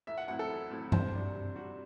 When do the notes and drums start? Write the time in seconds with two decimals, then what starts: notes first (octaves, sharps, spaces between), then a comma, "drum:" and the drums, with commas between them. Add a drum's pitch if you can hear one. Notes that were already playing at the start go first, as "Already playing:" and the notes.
0.07 A1 E5
0.18 F#5
0.28 A2 F#3 C4 E4 F#5
0.39 A4
0.50 A1
0.70 A2 F#3 C4 E4
0.92 C3 C5, drum: tom G2
1.13 G3 D4 F#4
1.35 C3
1.55 G3 D4 F#4